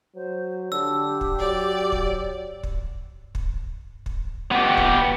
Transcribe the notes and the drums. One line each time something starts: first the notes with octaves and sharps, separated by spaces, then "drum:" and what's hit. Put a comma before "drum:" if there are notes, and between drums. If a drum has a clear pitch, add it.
F#3 C5
D3 G4 E6
drum: kick
F#3 D5
drum: kick
drum: kick
drum: kick
drum: kick
B3 G4
drum: kick